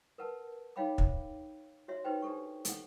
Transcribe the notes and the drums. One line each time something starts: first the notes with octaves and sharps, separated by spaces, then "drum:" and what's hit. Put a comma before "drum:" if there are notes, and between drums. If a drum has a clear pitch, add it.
A#4 B4 F#5 A5
D#4 C#5 F5 G5 B5 D6
drum: kick
F#4 C#5 E5 C6
D#4 G4 B4 C5 G5
D4 G4 A4 C#6
A4 F#5, drum: hi-hat